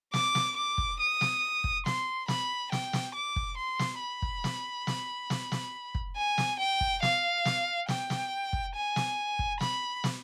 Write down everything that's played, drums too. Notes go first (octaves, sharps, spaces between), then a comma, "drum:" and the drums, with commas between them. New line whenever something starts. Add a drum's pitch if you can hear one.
D6, drum: snare
drum: snare
D6
drum: kick
D#6
drum: snare
drum: kick
C6, drum: snare
B5, drum: snare
G5, drum: snare
drum: snare
D6
drum: kick
C6
drum: snare
B5
drum: kick
drum: snare
drum: snare
drum: snare
drum: snare
drum: kick
G#5
drum: snare
G5
drum: kick
F5, drum: snare
drum: snare
G5, drum: snare
drum: snare
drum: kick
G#5
drum: snare
drum: kick
B5, drum: snare
drum: snare